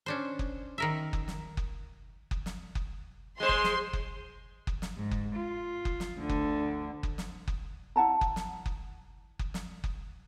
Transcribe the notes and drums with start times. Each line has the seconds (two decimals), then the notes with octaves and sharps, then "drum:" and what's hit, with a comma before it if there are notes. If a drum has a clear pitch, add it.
0.06 C#4 D4 C5
0.39 drum: kick F#1
0.78 D#3 A#4 E5
1.13 drum: kick F#1
1.28 drum: snare
1.57 drum: kick F#1
2.31 drum: kick F#1
2.46 drum: snare
2.75 drum: kick F#1
3.40 G#3 C5 C6
3.49 drum: kick F#1
3.64 drum: snare
3.93 drum: kick F#1
4.67 drum: kick F#1
4.82 drum: snare
4.97 G#2
5.11 drum: kick F#1
5.36 F4
5.85 drum: kick F#1
6.00 drum: snare
6.18 D2 D3
6.29 drum: kick F#1
7.03 drum: kick F#1
7.18 drum: snare
7.48 drum: kick F#1
7.96 E4 F#5 A5 A#5
8.21 drum: kick F#1
8.36 drum: snare
8.66 drum: kick F#1
9.39 drum: kick F#1
9.54 drum: snare
9.84 drum: kick F#1